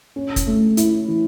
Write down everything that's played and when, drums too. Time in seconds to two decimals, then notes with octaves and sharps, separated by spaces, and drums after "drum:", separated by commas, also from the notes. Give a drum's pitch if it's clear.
0.16 C#4
0.36 drum: kick, hi-hat
0.47 A3
0.77 E4, drum: hi-hat
1.08 E3